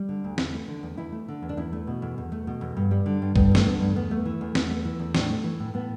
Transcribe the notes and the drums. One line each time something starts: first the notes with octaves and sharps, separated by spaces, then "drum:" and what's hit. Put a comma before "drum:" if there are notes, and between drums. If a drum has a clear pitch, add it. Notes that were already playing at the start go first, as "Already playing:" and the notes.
Already playing: G3
D3
D2
E2 E4, drum: snare
A3
D3
E2
E2 E4
A3
D3
E2
D4
E2 E4
A3
B2
E2
E2
A3
B2
E2
G2
G3
D3
G2
G2 B3, drum: kick B1
G3
A3, drum: snare
D3 B3
G2
E2 B3
A3
E3
E2
E2 B3, drum: snare
A3
E3
E2
A2 D4, drum: snare
A3
E3
A2
A2 B3